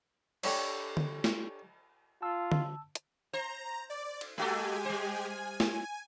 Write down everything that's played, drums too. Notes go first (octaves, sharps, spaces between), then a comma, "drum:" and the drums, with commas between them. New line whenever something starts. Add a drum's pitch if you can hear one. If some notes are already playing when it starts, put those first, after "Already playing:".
D4 G4 A4 C#5 D5, drum: cymbal
drum: tom D3
drum: snare
F4 A5 E6
drum: tom D3
drum: hi-hat
C5 A#5
D5
drum: cymbal
G#3 A3 F#4 G4 A4 G#5
G3 C5
G#5
drum: snare